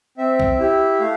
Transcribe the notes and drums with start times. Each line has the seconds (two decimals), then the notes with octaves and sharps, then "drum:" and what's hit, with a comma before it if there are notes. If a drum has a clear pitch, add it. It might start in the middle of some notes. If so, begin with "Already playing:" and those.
0.17 C4 E5
0.39 drum: kick B1
0.59 E4 G4
1.00 A3 F5